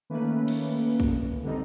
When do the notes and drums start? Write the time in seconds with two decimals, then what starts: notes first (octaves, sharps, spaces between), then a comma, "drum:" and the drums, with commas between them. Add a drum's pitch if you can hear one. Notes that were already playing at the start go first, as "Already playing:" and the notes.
0.10 D#3 A3 A#3 C#4 B4
0.48 drum: cymbal
1.00 drum: kick
1.43 D3 G3 C4 D#4